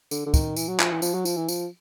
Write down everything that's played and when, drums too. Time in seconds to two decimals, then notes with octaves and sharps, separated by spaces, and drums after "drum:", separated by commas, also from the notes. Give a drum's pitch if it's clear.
0.11 D3, drum: tambourine
0.26 D3
0.34 D#3, drum: kick, tambourine
0.56 E3, drum: tambourine
0.68 F#3
0.80 F3, drum: clap
0.92 E3
1.02 F3, drum: tambourine
1.14 F#3
1.25 F3, drum: tambourine
1.37 E3
1.49 F3, drum: tambourine